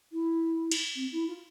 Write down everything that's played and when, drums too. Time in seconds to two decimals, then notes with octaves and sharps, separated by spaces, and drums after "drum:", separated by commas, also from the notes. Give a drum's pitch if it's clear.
0.12 E4
0.72 drum: cymbal
0.95 C4
1.12 E4
1.28 F4